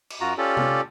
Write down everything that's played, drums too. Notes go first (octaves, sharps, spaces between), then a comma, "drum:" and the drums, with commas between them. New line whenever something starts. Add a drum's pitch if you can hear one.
drum: cymbal
F#2 F4 F#4 A#5
C#4 F4 G4 A4 D5
drum: tom